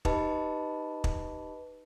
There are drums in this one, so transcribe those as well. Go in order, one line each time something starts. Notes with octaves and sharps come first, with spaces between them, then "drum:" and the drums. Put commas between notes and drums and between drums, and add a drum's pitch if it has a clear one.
D#4 G4 B4 D#5 A5 B5, drum: kick
drum: kick